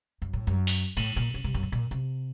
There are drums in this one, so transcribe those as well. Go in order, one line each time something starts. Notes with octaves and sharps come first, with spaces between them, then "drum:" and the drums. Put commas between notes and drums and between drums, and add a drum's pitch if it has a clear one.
F#2
A2
F#2
drum: open hi-hat
A2, drum: cymbal
A#2
C#3
C3
F#2
A2
A#2
C3